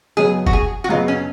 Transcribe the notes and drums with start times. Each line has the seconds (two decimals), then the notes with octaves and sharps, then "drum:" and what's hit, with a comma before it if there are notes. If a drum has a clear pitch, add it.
0.17 F#2 C#3 F#3 B3 D#4 G#4
0.46 F#4, drum: kick F#1
0.53 G#4
0.84 F#4
0.89 F#2 C#3 F#3 B3 D#4 F4
1.08 C#4